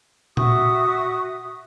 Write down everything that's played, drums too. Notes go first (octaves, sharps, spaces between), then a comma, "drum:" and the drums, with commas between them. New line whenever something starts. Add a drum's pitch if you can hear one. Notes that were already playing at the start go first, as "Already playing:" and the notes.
F#4 E5 C#6 D#6, drum: tom A#2